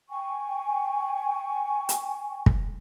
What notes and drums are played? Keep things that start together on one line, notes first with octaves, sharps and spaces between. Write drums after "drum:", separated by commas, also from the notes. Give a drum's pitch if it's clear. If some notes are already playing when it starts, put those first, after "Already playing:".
G5 G#5 C#6
drum: hi-hat
drum: kick